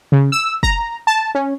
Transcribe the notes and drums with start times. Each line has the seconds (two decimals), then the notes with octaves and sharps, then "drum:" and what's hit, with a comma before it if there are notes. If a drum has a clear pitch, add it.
0.12 C#3
0.32 E6
0.63 A#5, drum: kick
1.07 A5
1.35 C#4